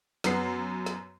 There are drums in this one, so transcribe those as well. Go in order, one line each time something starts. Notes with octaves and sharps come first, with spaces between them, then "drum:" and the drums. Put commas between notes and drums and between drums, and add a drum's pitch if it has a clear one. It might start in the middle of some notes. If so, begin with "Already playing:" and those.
F#2 B3 C7, drum: snare
drum: snare